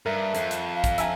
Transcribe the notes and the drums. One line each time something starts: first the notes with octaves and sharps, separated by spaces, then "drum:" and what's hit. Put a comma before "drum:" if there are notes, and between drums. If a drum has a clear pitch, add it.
G2 A#4 E5
F2, drum: hi-hat
drum: hi-hat
F5
drum: kick, hi-hat
E5 G#5 A#5, drum: hi-hat